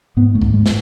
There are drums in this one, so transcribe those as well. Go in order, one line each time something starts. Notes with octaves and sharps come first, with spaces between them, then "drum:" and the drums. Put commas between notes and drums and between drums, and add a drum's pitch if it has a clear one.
G#2 B3
A3
G#2, drum: kick
G#3
drum: snare